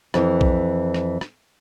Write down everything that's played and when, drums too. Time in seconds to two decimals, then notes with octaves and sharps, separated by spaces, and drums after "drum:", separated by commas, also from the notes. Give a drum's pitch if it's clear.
0.14 F2 E3, drum: rim click
0.41 drum: kick A#1
0.94 drum: rim click
1.21 drum: rim click